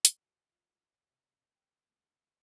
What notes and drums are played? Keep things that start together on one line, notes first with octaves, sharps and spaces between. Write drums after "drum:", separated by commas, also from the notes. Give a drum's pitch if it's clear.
C5, drum: hi-hat
F#4
F4
C3
G5
C#2